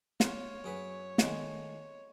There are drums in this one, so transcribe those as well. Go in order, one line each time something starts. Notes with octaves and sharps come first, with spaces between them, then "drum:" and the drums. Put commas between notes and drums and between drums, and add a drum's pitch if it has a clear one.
F4 C#5, drum: snare
F#2 G#4 B4
A2 D#3 G#3, drum: snare